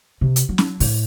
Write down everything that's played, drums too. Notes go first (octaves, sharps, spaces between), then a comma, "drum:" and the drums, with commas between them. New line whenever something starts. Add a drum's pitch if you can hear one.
C3
drum: hi-hat
F#3
drum: snare C#4
A2, drum: open hi-hat